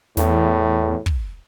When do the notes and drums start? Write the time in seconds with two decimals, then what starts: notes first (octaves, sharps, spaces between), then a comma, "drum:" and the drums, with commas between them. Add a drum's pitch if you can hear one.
0.17 E2 A2, drum: snare
1.06 drum: kick